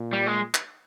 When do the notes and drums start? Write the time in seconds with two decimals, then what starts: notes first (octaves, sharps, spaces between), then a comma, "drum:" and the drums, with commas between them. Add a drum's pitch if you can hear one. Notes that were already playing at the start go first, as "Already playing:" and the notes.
Already playing: A#2
0.13 G3
0.27 G#3
0.54 drum: clap